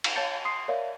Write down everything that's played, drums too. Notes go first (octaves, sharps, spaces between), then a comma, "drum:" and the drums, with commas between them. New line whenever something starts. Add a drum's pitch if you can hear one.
drum: cymbal
C#5 F5 A5 G6 A6 C#7
C6 D#6 C7
A#4 C#5 D5 E5 F5